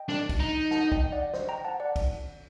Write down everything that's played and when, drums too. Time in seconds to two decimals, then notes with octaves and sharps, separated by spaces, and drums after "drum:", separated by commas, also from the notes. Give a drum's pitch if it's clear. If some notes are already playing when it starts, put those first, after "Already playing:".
Already playing: D#5 G5
0.09 D4, drum: snare
0.29 drum: kick, cymbal
0.40 D#4
0.71 F#5 A5, drum: snare
0.92 D#5 G5, drum: kick
1.12 D5 F#5
1.34 C5 D#5, drum: snare
1.49 G5 A#5
1.64 F#5 A5
1.80 D5 F#5
1.96 drum: kick, cymbal